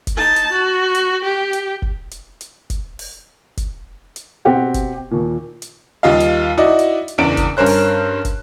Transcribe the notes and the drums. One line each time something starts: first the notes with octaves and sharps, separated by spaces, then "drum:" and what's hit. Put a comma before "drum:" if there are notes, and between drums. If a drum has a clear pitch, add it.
drum: kick, hi-hat
D#4 A5
drum: hi-hat
F#4
drum: hi-hat
G4
drum: hi-hat
drum: kick
drum: hi-hat
drum: hi-hat
drum: kick, hi-hat
drum: open hi-hat
drum: kick, hi-hat
drum: hi-hat
B2 C4 G4 F#5 G5
drum: kick, hi-hat
D#2 A#2
drum: hi-hat
D#2 G3 F4 D#5 F5
drum: hi-hat
D#4 E4 F#4 D5 D#5
drum: hi-hat
drum: hi-hat
F#1 E2 D4 D5 D7
drum: kick, hi-hat
G2 C#4 A#4 C5 F#6
drum: open hi-hat
drum: kick, hi-hat